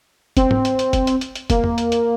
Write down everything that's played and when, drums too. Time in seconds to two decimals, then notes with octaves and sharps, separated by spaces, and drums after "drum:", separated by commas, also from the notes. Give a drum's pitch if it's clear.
0.37 C4, drum: kick, hi-hat
0.51 drum: tom
0.65 drum: hi-hat
0.79 drum: hi-hat
0.93 drum: kick, hi-hat
1.07 drum: hi-hat
1.21 drum: hi-hat
1.35 drum: hi-hat
1.50 A#3, drum: kick, hi-hat
1.64 drum: tom E2
1.78 drum: hi-hat
1.92 drum: hi-hat